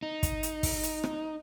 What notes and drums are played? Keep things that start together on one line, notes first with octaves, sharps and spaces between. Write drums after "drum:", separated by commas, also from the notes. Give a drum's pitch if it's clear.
D#4
drum: kick, hi-hat
drum: hi-hat
drum: kick, open hi-hat
drum: hi-hat
drum: rim click